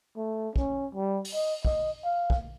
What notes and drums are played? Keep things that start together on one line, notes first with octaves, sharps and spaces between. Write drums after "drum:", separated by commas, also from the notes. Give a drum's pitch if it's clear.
A3
C#4, drum: kick
G3
drum: open hi-hat
D#5
D#5, drum: kick
F5
drum: kick